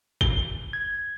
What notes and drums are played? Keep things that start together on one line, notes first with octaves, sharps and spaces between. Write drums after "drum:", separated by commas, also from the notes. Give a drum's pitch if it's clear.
G7, drum: kick
G#6